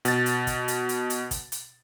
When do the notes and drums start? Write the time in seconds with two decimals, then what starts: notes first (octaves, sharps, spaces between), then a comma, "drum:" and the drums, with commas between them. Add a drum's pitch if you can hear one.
0.05 B2 A6, drum: hi-hat
0.26 drum: hi-hat
0.47 drum: kick, hi-hat
0.68 drum: hi-hat
0.89 drum: hi-hat
1.10 drum: hi-hat
1.31 drum: kick, hi-hat
1.52 drum: hi-hat